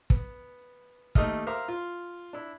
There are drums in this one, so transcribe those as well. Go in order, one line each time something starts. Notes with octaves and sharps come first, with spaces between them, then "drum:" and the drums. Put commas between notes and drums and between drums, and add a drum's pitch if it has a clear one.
B3, drum: kick
D#2 A3 D#4 D#5 F6, drum: kick
A#4 C5 E5 F5 A#5 D6
F4
D4 E4